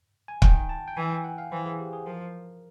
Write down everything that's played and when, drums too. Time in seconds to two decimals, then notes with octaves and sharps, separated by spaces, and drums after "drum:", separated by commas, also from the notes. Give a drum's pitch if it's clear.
0.28 G#5
0.42 D#3 G5, drum: kick
0.69 A5
0.88 G5
0.97 E3 G#5
1.10 G5
1.24 F#5
1.38 F5
1.52 E3 C5
1.65 G#4
1.79 G4
1.93 G#4
2.06 F3 A#4